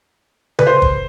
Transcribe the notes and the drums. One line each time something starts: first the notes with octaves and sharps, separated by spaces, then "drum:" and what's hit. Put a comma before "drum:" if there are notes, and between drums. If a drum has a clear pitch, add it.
B4, drum: tom C#3
C5
drum: kick